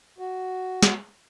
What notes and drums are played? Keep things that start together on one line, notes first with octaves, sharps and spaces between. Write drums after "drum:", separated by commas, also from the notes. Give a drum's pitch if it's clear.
F#4
drum: snare